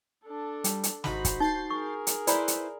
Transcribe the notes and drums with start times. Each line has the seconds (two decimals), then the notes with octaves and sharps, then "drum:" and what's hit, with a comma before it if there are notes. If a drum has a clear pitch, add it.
0.24 D4 A4
0.64 G3, drum: hi-hat
0.83 drum: hi-hat
1.04 G#1 D#4 F#4 C5 B5, drum: snare
1.25 drum: kick, hi-hat
1.40 D#4 G6 A6 C7
1.70 G#4 A#4 C#6
2.07 drum: hi-hat
2.27 E4 B4 C5 D5 A#5 B5, drum: hi-hat
2.48 drum: hi-hat